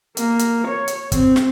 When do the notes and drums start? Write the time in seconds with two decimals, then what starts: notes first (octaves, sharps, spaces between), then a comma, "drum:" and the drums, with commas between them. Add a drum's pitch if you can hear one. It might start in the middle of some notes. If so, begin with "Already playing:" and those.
0.17 A#3, drum: hi-hat
0.39 drum: hi-hat
0.68 C#5
0.88 drum: hi-hat
1.12 C4, drum: kick, hi-hat
1.36 drum: snare